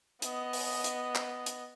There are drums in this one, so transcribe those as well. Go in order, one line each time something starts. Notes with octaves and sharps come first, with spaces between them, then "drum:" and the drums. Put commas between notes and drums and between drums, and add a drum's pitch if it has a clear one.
B3 D#5, drum: hi-hat
drum: open hi-hat
drum: hi-hat
drum: clap
drum: hi-hat